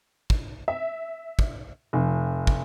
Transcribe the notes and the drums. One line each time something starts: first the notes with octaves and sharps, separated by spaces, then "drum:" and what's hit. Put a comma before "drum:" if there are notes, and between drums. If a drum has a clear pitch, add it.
drum: kick
E5
drum: kick
F1
drum: kick